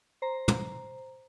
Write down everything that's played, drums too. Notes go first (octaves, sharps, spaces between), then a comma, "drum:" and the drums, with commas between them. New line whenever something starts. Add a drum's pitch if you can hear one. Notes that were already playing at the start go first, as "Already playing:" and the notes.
C5 A#5
drum: tom